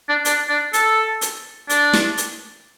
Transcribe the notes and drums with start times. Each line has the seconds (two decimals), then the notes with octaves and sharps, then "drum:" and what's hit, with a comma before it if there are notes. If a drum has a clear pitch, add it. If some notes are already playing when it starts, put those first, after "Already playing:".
0.09 D4
0.25 D4, drum: hi-hat
0.49 D4
0.73 A4, drum: hi-hat
1.21 drum: hi-hat
1.70 D4, drum: hi-hat
1.93 drum: snare
2.18 drum: hi-hat